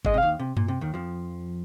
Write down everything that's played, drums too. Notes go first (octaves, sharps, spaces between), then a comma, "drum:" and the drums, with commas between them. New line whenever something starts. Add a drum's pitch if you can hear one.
G#2 G#3 D#5, drum: kick G1
C3
D#2 D#3 F5
C3
A#2, drum: tom F#2
C3
D#2 D#3
F2 F3